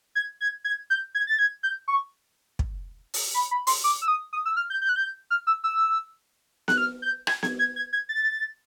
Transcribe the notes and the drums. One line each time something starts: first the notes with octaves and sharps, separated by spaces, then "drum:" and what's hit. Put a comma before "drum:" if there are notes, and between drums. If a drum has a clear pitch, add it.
G#6
G#6
G#6
G6
G#6
A6
G#6
G6
C#6
drum: kick
drum: open hi-hat
B5
B5
C6, drum: open hi-hat
D6
E6
D#6
D#6
E6
F6
G6
G6
F#6
G6
F6
E6
E6
F#6, drum: snare B3
F6
G6
G#6, drum: rim click
G#6, drum: snare B3
G#6
G#6
G#6
A6